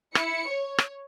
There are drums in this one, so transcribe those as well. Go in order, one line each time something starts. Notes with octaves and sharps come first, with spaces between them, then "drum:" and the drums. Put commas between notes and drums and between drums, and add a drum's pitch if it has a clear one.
E4 C#7, drum: rim click
C#5
drum: rim click